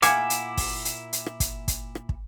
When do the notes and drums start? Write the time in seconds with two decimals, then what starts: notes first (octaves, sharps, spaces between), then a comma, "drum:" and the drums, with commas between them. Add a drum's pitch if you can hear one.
0.02 A#2 E4 F5 F#5 G#5 D6, drum: hi-hat
0.30 drum: hi-hat
0.57 drum: kick, open hi-hat
0.85 drum: hi-hat
1.13 drum: hi-hat
1.26 drum: rim click
1.40 drum: kick, hi-hat
1.68 drum: kick, hi-hat
1.95 drum: rim click
2.09 drum: kick